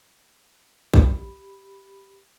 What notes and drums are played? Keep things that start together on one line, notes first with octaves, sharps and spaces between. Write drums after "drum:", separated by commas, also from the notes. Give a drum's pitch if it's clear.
G4 B5, drum: kick